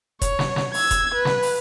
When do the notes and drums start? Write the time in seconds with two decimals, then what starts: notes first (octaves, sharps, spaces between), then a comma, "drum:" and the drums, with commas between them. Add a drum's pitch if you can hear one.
0.22 C#5, drum: kick F1, hi-hat
0.39 drum: snare
0.56 drum: snare
0.74 E6 G#6, drum: open hi-hat
0.91 drum: kick F1, hi-hat
1.15 B4
1.25 drum: snare
1.42 drum: open hi-hat